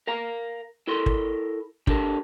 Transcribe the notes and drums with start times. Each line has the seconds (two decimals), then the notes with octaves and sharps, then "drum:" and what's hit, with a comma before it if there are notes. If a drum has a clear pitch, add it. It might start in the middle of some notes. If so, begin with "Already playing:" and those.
0.07 A#4 F5 A#5
0.87 E4 A4 A#4 C6
1.06 drum: kick
1.87 D4 G4 A4 A#4, drum: kick